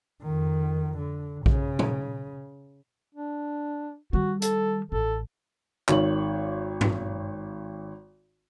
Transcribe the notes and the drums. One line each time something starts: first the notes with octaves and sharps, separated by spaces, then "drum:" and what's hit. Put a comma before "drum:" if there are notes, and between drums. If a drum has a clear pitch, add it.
F2 D#3
D3
C#3, drum: kick A#1
drum: tom A#2
D4
D#3 G3 F#4
A4, drum: hi-hat
A1 A4
G#1 D#3 C#5 F#7, drum: clap
drum: tom G2